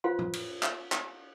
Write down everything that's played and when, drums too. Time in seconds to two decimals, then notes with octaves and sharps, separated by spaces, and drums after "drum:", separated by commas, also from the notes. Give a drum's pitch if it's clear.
0.04 F4 B4 C5 F5 C6
0.19 drum: tom
0.33 drum: cymbal
0.63 drum: clap
0.92 drum: clap